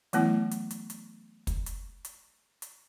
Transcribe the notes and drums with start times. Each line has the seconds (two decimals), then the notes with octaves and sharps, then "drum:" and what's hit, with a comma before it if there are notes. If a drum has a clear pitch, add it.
0.13 E3 F#3 A3 B3 E4, drum: hi-hat
0.51 drum: hi-hat
0.71 drum: hi-hat
0.90 drum: hi-hat
1.47 drum: kick, hi-hat
1.66 drum: hi-hat
2.05 drum: hi-hat
2.62 drum: hi-hat